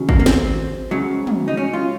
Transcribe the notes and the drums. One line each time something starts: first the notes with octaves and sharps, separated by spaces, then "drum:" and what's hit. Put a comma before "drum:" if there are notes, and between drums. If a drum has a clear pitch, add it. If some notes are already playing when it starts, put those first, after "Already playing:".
Already playing: D#2 C#3 F#3
A#3, drum: kick
A#3
C4, drum: snare
C#2 C#3 F#3
drum: tom
D#4
C#4
F4